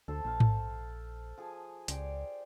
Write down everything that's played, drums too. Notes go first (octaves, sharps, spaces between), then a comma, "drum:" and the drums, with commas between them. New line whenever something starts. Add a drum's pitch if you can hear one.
D2 A4 C5
A#1 C5 F5
drum: tom G#2
F3 G#4
C#2 G4 D5 C6, drum: hi-hat